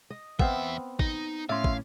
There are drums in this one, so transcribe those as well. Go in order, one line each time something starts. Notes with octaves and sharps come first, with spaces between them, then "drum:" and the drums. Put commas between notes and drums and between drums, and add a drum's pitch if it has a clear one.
D#5
E2 B3 C4 E5 F5, drum: kick
D#4, drum: kick
A2 C#4 D5 E5 F5 C6
drum: kick